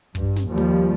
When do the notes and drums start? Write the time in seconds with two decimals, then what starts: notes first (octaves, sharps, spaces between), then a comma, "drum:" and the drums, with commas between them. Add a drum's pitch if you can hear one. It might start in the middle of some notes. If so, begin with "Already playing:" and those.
0.15 G2, drum: kick, hi-hat
0.36 drum: snare
0.49 D#2 F3 G3
0.58 drum: hi-hat